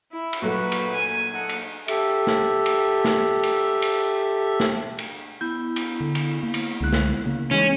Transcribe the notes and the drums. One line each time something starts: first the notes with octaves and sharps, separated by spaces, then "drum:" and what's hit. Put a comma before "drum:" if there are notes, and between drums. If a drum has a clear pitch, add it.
E4
drum: cymbal
A#2 F#3 A3 F#4 B4
drum: cymbal
G#5
D#4 A4 F#5
drum: cymbal
G4 A4 E5, drum: cymbal
drum: snare
drum: cymbal
drum: snare
drum: cymbal
drum: cymbal
drum: snare
drum: cymbal
B3 E4 G6
drum: cymbal
D3
drum: cymbal
A#3
drum: cymbal
C#2 D3 G#3 F#6
drum: snare
C#3 A#3
E3 G#3 C#4 D#4